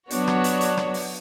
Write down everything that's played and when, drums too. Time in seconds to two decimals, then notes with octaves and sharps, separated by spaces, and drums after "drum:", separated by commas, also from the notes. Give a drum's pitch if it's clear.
0.10 F#3 B3 D4 F#4 C#5, drum: hi-hat
0.27 drum: rim click
0.44 drum: hi-hat
0.61 drum: hi-hat
0.77 drum: rim click
0.94 drum: open hi-hat